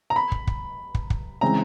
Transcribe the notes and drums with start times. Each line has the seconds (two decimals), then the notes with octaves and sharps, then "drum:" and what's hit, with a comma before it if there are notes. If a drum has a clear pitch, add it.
0.10 A#5
0.16 B5
0.32 drum: kick
0.47 drum: kick
0.95 drum: kick
1.10 drum: kick
1.41 C#3 E3 G#3 C4 A#5